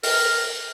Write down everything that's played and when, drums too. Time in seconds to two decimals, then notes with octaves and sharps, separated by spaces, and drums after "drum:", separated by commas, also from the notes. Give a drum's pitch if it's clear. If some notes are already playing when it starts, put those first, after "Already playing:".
0.03 A#4, drum: open hi-hat